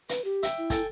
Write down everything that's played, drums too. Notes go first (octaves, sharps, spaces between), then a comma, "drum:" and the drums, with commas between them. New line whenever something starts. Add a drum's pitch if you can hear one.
B4, drum: hi-hat
G4
E5 G5, drum: hi-hat
E4
A4 G5 G#5, drum: kick, hi-hat